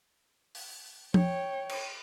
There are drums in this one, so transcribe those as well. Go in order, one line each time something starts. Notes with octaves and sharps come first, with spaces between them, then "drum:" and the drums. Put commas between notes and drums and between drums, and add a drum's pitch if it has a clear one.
drum: open hi-hat
C#5 G5, drum: tom F3
drum: cymbal